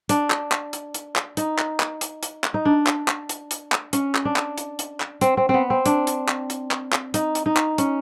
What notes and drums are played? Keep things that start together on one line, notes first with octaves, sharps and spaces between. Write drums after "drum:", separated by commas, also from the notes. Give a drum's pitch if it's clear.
D4, drum: hi-hat
drum: clap
drum: clap
drum: hi-hat
drum: hi-hat
drum: clap
D#4, drum: hi-hat
drum: clap
drum: clap
drum: hi-hat
drum: hi-hat
drum: clap
D#4
D4
drum: clap
drum: clap
drum: hi-hat
drum: hi-hat
drum: clap
C#4, drum: hi-hat
drum: clap
D4
drum: clap
drum: hi-hat
drum: hi-hat
drum: clap
C4, drum: hi-hat
C4
B3 C4
C4
D4, drum: hi-hat
drum: hi-hat
drum: clap
drum: hi-hat
drum: clap
drum: clap
D#4, drum: hi-hat
drum: hi-hat
D#4
drum: clap
C#4, drum: hi-hat